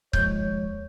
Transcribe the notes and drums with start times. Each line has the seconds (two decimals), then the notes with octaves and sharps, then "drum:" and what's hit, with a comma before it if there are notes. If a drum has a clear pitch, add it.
0.13 D#2 F3 G#3 C#5 G6, drum: kick C#1